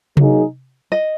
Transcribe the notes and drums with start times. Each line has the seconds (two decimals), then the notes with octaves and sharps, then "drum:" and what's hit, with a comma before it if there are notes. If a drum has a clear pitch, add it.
0.17 F#3 A#3 D#4 G#4, drum: tom C3
0.92 D#5